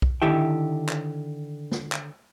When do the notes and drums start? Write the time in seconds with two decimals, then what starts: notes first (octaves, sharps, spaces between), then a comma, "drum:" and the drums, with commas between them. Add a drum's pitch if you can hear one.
0.02 drum: kick B1
0.22 D3 D#3 E4 G4 E5 G5
0.89 drum: clap
1.72 drum: snare
1.92 drum: clap